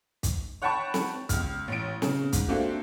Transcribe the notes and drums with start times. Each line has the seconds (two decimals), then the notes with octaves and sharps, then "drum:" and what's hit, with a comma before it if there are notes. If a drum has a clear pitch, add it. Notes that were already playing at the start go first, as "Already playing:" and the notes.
0.23 drum: kick, hi-hat
0.62 C#5 F#5 G5 A5 B5 C#6
0.94 drum: snare
1.29 C#2 F6, drum: kick, hi-hat
1.68 A1 D7
2.02 C#3, drum: snare
2.33 G#2, drum: kick, hi-hat
2.48 A3 A#3 C4 D4 F#4 G4